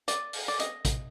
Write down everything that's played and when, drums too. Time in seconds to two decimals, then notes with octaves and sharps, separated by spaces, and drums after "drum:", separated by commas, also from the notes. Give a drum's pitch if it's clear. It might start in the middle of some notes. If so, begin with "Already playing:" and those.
0.08 D5, drum: hi-hat
0.33 drum: open hi-hat
0.48 D5
0.59 D#5, drum: hi-hat
0.85 drum: kick A1, hi-hat